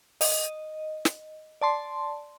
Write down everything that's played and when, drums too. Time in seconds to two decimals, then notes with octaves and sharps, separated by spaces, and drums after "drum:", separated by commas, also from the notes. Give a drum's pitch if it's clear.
0.21 D#5, drum: open hi-hat
1.05 drum: snare
1.61 D5 A5 C6